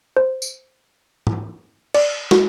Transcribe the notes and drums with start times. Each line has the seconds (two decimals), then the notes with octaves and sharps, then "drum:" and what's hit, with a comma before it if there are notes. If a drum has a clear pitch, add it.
0.17 C5
0.42 drum: tambourine
1.27 drum: tom
1.94 D5, drum: cymbal
2.31 F#4, drum: snare